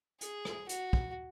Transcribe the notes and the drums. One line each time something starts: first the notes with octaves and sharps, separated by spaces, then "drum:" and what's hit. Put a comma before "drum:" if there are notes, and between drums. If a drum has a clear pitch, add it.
G#4, drum: hi-hat
drum: rim click
F#4, drum: hi-hat
drum: kick